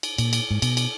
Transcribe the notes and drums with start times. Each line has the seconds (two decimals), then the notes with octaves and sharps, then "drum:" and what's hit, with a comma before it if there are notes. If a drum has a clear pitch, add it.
0.03 drum: cymbal
0.18 A#2, drum: cymbal
0.33 drum: cymbal
0.51 G#2
0.62 B2, drum: cymbal
0.77 drum: cymbal